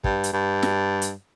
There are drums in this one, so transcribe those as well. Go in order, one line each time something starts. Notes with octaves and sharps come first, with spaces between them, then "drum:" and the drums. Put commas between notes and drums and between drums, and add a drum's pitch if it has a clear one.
G2, drum: kick
drum: hi-hat
G2
drum: snare
drum: hi-hat